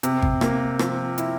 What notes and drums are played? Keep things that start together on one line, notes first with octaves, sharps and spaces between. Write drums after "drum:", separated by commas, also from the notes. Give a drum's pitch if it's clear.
C3, drum: hi-hat
drum: kick G#1
A#3, drum: rim click
F3, drum: rim click
E4, drum: hi-hat